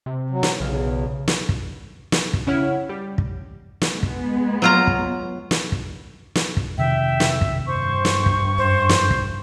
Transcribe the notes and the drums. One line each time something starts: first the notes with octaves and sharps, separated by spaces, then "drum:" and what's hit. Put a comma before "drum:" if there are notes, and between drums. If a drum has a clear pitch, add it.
C3
F#3
drum: snare
B1 E2 C#3
drum: snare
drum: kick
drum: snare
drum: kick
C#3 C#4 E4 C#5 F#5 F6
G3 G4
drum: kick
drum: snare
G#3 B3
drum: kick
F#3 F4 A#5
drum: kick
drum: snare
drum: kick
drum: snare
drum: kick
F2 C3 D#3 E5 G5
drum: snare
drum: kick
G2 C5 C#6
drum: snare
drum: kick
F#2 C5
drum: snare
drum: kick